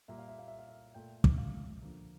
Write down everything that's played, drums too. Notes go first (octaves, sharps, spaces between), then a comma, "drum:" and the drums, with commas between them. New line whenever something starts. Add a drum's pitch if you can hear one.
A#2 G3 A#3 E5
F5
E5
F5
E5
F5
E5
A#2 A3 G5
drum: kick
F5
D3 F3 A#3